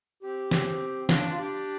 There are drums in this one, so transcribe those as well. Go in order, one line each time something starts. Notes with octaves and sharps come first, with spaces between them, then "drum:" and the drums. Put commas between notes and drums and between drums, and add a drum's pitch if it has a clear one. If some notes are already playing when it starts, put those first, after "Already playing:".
C4 G4
C4, drum: snare
D4 F4, drum: snare
F4
D4 G4